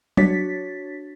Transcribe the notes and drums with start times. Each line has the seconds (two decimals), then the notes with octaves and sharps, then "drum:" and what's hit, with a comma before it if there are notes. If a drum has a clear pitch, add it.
0.17 D4 F#4 C#5 A6 B6, drum: tom F#3